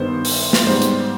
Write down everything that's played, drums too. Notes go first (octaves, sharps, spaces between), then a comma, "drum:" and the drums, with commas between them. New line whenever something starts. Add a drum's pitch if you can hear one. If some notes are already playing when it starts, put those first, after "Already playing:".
Already playing: G2 D#3 G3 B3 C5
drum: open hi-hat
drum: snare
G#2 G3 B3 C5
drum: hi-hat